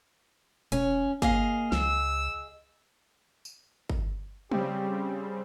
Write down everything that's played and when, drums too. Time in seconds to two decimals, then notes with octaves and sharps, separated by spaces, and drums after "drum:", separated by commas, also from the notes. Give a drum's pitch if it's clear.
0.72 E1 C#4, drum: hi-hat
1.22 A#3 G#4 D#5 F5, drum: kick G1
1.72 C#2 E6, drum: snare
3.45 drum: tambourine
3.90 drum: kick G1
4.51 C#3 G3 C4 G4, drum: tom